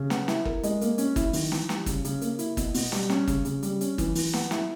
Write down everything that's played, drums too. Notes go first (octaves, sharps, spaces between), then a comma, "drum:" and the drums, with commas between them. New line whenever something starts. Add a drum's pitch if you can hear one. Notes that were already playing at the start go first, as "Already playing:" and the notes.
Already playing: C#3
B3, drum: snare
E4, drum: snare
A#4, drum: kick
G#3, drum: hi-hat
A#3, drum: hi-hat
C#4, drum: hi-hat
E4, drum: kick, hi-hat
D#3, drum: open hi-hat
E3, drum: snare
G3, drum: snare
C#3, drum: kick, hi-hat
C#3, drum: hi-hat
A#3, drum: hi-hat
E4, drum: hi-hat
B2, drum: kick, hi-hat
B2, drum: open hi-hat
G3, drum: snare
C#4, drum: snare
C#3, drum: kick, hi-hat
C#3, drum: hi-hat
G3, drum: hi-hat
C#4, drum: hi-hat
E3, drum: kick, hi-hat
E3, drum: open hi-hat
B3, drum: snare
E4, drum: snare